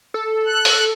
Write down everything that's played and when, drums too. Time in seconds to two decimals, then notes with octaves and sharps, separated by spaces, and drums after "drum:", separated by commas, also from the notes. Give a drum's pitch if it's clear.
0.14 A4
0.46 F#6
0.65 drum: open hi-hat